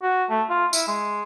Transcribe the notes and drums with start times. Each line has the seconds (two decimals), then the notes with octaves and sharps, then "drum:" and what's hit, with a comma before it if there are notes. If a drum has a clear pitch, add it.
0.02 F#4
0.30 A3
0.50 F4
0.73 E4, drum: tambourine
0.87 G#3